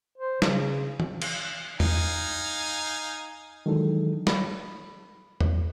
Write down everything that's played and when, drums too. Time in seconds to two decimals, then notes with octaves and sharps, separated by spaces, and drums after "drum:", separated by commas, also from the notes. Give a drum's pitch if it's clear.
0.18 C5
0.42 C#3, drum: snare
1.00 drum: tom
1.22 drum: cymbal
1.80 D#4 F5 G#5, drum: tom E2
3.66 D#3 E3 F#3 G#3 D4 A4
4.27 B5, drum: snare
5.40 drum: tom E2